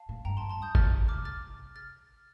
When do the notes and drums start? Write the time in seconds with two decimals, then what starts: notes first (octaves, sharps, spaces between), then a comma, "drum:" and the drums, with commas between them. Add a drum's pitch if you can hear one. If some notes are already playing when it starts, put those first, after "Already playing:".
Already playing: F5 A5
0.09 A2
0.25 G2 G5 A#5
0.37 A5 C6
0.42 F2
0.50 A5 C6
0.58 G2
0.62 D#6 G6
0.75 A2 F6 A6, drum: kick G1
1.08 C3 D6 F6
1.25 F6 A6
1.76 F6 A6